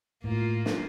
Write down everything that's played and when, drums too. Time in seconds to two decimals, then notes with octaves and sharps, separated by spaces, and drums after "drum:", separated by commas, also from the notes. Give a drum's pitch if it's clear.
0.24 A2 A#3 F4
0.66 drum: snare